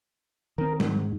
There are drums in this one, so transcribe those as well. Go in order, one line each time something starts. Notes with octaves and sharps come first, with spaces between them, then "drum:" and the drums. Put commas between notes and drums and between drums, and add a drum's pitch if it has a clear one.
D#3 C4 A#4
G#2, drum: tom G3